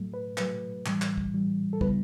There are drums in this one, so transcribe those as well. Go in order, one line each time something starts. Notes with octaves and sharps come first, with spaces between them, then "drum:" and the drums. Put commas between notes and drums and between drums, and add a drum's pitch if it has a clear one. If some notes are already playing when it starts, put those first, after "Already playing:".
Already playing: A2 F#3 A3
B4
A2 F#3 A3 B4, drum: clap
A2 E3 G3, drum: clap
drum: clap
drum: kick
A2 E3 G3
A4
C#3 G3 B3 E4 B4, drum: kick